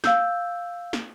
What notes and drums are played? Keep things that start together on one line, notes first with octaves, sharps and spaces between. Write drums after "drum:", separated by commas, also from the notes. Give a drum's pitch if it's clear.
F5 E6 G6, drum: snare
drum: snare